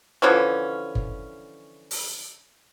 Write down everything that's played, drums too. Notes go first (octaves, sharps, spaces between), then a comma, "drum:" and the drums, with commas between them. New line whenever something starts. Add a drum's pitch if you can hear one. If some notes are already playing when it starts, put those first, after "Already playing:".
D3 E3 F3 C#4
drum: kick G1
drum: open hi-hat